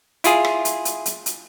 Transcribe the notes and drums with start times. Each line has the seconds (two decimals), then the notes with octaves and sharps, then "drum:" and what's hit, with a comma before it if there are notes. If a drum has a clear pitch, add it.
0.24 E4 F4 G#4, drum: hi-hat
0.45 drum: rim click
0.65 drum: hi-hat
0.85 drum: hi-hat
1.06 drum: hi-hat
1.26 drum: hi-hat